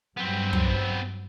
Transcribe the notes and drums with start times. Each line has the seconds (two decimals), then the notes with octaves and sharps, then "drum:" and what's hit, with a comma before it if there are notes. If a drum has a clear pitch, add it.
0.17 G2 F#3 B3 C4
0.53 drum: tom